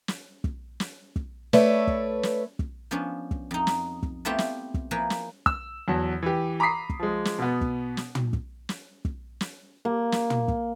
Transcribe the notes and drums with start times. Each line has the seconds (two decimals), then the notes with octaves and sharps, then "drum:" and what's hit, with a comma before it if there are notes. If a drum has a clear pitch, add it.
0.08 drum: snare
0.44 drum: kick
0.80 drum: snare
1.16 drum: kick
1.53 A3 A4 B4 C#5 D5, drum: snare
1.87 drum: kick
2.23 drum: snare
2.59 drum: kick
2.91 F3 B3 C#4 D4
3.31 drum: kick
3.51 F2 D#4
3.67 drum: snare
4.03 drum: kick
4.25 A3 B3 C4 E4 F4 G4
4.38 drum: snare
4.74 drum: kick
4.91 F3 A#3 E4 B4 G#5
5.10 drum: snare
5.46 E6, drum: kick
5.88 E2 F#3 A5
6.23 E3 G4
6.60 A#5 B5 D6 D#6 B6 C7
6.90 drum: kick
7.00 F3 G#3
7.25 drum: snare
7.39 B2 B3
7.61 drum: kick
7.97 drum: snare
8.15 drum: tom
8.33 drum: kick
8.69 drum: snare
9.05 drum: kick
9.41 drum: snare
9.85 A#3
10.12 drum: snare
10.30 drum: tom
10.48 drum: kick